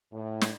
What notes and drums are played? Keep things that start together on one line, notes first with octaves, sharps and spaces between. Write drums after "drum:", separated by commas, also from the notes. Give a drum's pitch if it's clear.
A2
drum: snare